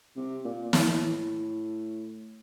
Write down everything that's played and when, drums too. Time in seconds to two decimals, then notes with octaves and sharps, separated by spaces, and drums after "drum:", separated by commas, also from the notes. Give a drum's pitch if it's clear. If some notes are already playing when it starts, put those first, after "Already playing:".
0.17 C3
0.45 A#2
0.73 A2, drum: snare